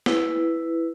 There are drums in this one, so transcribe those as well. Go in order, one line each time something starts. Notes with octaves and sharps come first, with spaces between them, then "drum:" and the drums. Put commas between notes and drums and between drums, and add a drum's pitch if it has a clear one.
E4 B4, drum: snare